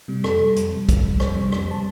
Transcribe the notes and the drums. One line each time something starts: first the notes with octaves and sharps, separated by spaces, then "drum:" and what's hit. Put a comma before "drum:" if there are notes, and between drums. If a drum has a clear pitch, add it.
C3 G3
F2 A4, drum: rim click
C3 G3
F2, drum: hi-hat
C3 G3
F2, drum: kick, hi-hat
C3 G3
F2 C5, drum: rim click
C3 G3
F2, drum: rim click
C3 G3 A5